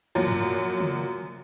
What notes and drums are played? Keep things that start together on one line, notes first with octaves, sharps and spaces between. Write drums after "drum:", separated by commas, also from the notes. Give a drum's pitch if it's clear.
F#2 A#2 F3 F#3
drum: tom
drum: tom